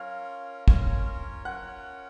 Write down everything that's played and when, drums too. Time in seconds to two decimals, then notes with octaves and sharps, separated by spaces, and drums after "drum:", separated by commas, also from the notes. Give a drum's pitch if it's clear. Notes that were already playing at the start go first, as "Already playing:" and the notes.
Already playing: C#4 F4 A#4 C#5 F5 F6
0.68 C#4 F4 A#4 C#5, drum: kick
1.45 C#4 F4 A#4 C#5 F#5 F#6